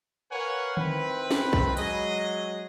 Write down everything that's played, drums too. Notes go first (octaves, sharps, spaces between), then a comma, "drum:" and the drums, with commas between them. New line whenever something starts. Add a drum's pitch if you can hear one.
A#4 B4 C#5 F5 F#5 G#5
D#3 C4 E4 B4, drum: tom D3
drum: snare
drum: kick
F#3 G#3 G#4 D#5, drum: hi-hat